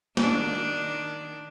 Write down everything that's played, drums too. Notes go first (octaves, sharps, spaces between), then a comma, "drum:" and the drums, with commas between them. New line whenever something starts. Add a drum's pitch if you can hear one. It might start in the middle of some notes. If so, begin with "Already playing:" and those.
D#3 D4, drum: snare